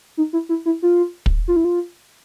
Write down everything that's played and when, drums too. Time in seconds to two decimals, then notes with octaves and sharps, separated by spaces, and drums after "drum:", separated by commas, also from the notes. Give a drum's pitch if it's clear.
0.17 D#4
0.33 E4
0.49 E4
0.66 E4
0.82 F4
1.26 drum: kick
1.48 F4
1.56 E4
1.65 F4